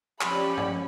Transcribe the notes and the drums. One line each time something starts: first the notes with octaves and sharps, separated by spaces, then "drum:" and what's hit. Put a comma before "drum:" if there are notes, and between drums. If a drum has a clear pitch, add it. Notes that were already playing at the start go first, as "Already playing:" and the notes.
F3 C#4 G4 D5 B5, drum: clap
drum: tom G2